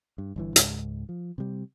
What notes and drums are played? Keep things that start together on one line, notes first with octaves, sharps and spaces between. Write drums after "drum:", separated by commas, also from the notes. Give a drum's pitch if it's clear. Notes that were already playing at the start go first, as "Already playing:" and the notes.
G2
G1 G2 E3
C#2 G#2, drum: hi-hat
F3
C3 G3